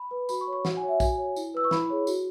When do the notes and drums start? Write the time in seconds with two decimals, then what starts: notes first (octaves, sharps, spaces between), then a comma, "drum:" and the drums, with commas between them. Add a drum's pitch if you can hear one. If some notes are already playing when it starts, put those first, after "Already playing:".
Already playing: B5
0.11 B4
0.29 F#4 B5, drum: tambourine
0.41 C#6
0.47 C#5
0.53 C#6
0.65 F#4 F#5, drum: snare
0.77 G#5
0.83 C#5
0.88 E5
1.00 F#4 G#5, drum: kick, tambourine
1.18 C#5
1.36 E4, drum: tambourine
1.54 B4 E6
1.64 C#6
1.71 E4 B5, drum: snare
1.90 G#4 C#5
2.07 F#4, drum: tambourine